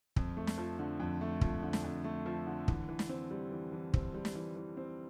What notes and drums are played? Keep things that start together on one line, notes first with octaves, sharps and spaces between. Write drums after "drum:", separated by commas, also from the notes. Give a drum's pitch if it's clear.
F2, drum: kick
A3
drum: snare
F3
D3
F2
A3
F3, drum: kick
D3
drum: snare
F2
A3
F3
D3
E3, drum: kick
E3
drum: snare
C4
G3
E3
E3
C4, drum: kick
G3
drum: snare
E3
E3
C4